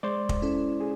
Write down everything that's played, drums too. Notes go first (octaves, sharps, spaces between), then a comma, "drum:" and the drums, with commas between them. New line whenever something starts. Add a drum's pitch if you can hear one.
G#3 C5 D5
drum: kick
C#4 E4 A4
G#4